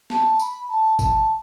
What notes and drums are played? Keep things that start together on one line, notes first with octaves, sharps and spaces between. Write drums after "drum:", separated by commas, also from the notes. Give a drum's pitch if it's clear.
A5, drum: snare
B5, drum: tambourine
A5
A5, drum: kick G#1, tambourine